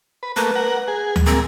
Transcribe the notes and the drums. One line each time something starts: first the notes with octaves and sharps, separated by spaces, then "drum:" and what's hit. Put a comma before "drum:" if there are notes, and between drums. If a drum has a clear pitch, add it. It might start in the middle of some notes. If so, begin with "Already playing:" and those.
B4
A3 A#3 B4
A#4 F#5
G#4
drum: tom D2
G#3 A#3 C4